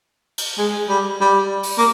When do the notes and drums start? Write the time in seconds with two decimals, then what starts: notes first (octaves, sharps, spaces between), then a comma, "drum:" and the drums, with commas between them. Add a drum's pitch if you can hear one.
0.38 drum: cymbal
0.58 G#3
0.89 G3
1.21 G3
1.63 drum: open hi-hat
1.78 A#3